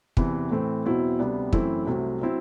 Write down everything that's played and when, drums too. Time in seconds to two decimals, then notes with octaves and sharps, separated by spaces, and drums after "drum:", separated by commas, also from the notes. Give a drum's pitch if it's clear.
0.17 E2 C3 E3, drum: kick
0.51 A2 E3 A3 C4
0.85 E2 B2 F#3 C4 E4
1.19 D2 C3 G3 B3 D4
1.53 F#2 E3 A3 C4 E4, drum: kick
1.87 C2 C3 F#3 A3 C4
2.21 F#3 C4 E4